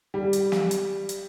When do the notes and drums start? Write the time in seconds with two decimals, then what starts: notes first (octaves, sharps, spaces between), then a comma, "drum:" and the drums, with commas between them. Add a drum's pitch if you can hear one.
0.14 G3
0.33 drum: hi-hat
0.52 drum: snare
0.71 drum: hi-hat
1.09 drum: hi-hat